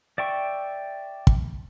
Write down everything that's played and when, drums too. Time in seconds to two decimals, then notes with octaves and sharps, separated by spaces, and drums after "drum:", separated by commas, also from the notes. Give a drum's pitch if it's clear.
0.18 D5 E5 G5 C#6
1.27 drum: kick